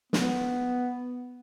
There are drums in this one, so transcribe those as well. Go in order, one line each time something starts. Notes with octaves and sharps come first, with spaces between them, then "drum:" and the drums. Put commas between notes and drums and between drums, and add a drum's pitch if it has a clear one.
B3, drum: snare